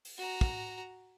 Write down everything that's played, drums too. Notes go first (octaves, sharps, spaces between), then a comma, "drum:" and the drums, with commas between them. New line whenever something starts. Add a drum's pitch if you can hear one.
drum: open hi-hat
F#4 A#5
drum: kick